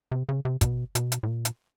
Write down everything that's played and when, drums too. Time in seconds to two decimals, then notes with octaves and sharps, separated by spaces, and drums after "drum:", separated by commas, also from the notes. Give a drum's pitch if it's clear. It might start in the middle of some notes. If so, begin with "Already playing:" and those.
0.12 C3
0.29 C#3
0.45 C3
0.61 B2, drum: kick, hi-hat
0.95 B2, drum: hi-hat
1.12 drum: hi-hat
1.23 A2
1.28 A#2
1.45 drum: hi-hat